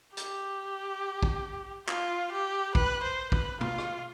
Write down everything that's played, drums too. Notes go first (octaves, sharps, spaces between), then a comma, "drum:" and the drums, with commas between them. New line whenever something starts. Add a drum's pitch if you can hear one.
G4, drum: hi-hat
drum: kick
F4, drum: clap
G4
B4, drum: kick
C5
B4, drum: kick
F4, drum: tom
drum: rim click